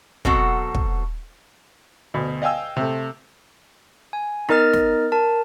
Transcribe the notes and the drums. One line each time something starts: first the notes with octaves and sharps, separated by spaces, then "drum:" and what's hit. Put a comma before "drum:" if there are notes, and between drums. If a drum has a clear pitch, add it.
B2 F#3 C4 F#4 A4, drum: kick
drum: kick
D2 B2
D#5 F5 G5 G#5 E6
C3 A3
G#5
B3 D#4 A#4 D#5 F6 A6, drum: rim click
drum: snare
A#4 A5